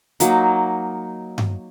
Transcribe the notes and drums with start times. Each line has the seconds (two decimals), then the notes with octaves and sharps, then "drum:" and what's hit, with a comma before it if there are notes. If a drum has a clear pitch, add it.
0.20 F#3 A#3 D#4, drum: hi-hat
1.38 drum: tom G2